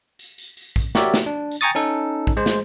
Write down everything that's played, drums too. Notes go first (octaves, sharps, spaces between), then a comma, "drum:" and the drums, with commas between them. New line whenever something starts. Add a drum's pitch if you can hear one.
drum: tambourine
drum: tambourine
drum: tambourine
drum: kick, tambourine
F#4 G4 A#4 C#5 D5 E5, drum: snare
drum: snare
D4
drum: tambourine
G5 G#5 A#5 C#6 D#6 A6
C#4 D#4 A4
drum: kick
G#3 C5
drum: snare